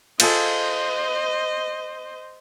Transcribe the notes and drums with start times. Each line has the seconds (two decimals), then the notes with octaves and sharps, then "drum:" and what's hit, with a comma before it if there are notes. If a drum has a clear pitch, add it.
0.20 F4 G#4 A4 C5 D#5, drum: cymbal